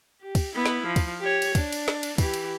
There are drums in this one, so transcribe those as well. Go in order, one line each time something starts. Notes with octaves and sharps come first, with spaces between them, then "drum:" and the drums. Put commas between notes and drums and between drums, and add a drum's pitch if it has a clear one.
G4
drum: kick, cymbal
B3 E4
drum: snare
F3
drum: kick, cymbal
G4 C#5
drum: cymbal
D4, drum: kick, cymbal
drum: cymbal
drum: snare
drum: cymbal
E3 G4, drum: kick, cymbal
drum: cymbal